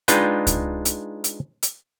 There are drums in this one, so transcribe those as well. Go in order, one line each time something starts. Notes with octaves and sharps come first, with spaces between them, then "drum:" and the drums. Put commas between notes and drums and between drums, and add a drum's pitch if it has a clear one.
G#3 D4 D#4 F4 B4 G5, drum: hi-hat
drum: kick C#2, hi-hat
drum: hi-hat
drum: hi-hat
drum: hi-hat